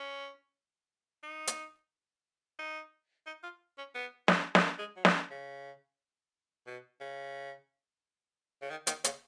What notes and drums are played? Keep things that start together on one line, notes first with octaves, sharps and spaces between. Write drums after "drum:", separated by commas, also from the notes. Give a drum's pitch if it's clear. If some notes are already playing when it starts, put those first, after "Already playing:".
Already playing: C#4
D#4
drum: hi-hat
D#4
D#4
F4
C#4
B3
C#4, drum: snare
G#3, drum: snare
A#3
G#3
F#3
F3, drum: snare
D#3
C#3
B2
C#3
C#3
D#3
D#3, drum: hi-hat
C#3, drum: hi-hat